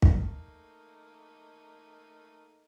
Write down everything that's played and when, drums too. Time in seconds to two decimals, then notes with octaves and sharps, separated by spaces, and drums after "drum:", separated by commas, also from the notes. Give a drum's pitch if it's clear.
0.02 A3 A#3 D#4, drum: kick